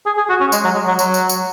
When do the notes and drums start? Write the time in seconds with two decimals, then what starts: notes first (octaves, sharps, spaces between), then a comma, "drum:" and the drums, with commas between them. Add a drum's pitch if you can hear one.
0.06 G#4
0.17 G#4
0.29 F#4
0.40 C#4
0.52 G#3, drum: tambourine
0.64 F#3
0.75 G#3
0.87 F#3
0.99 F#3, drum: tambourine
1.14 drum: tambourine
1.29 drum: tambourine